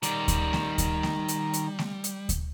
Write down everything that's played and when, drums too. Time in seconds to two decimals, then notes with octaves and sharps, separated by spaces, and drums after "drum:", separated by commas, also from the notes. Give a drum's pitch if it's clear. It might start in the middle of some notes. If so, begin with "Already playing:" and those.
0.03 D#3 G3 D5 A#5, drum: hi-hat
0.28 drum: kick D2, hi-hat
0.53 drum: snare A3
0.78 drum: kick D2, hi-hat
1.03 drum: snare A3
1.28 drum: hi-hat
1.53 drum: hi-hat
1.79 drum: snare A3
2.04 drum: hi-hat
2.29 drum: kick D2, hi-hat